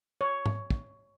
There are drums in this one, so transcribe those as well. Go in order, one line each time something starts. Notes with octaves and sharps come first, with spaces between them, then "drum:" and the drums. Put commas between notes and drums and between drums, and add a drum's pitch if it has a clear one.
C#5
drum: tom G#2
drum: kick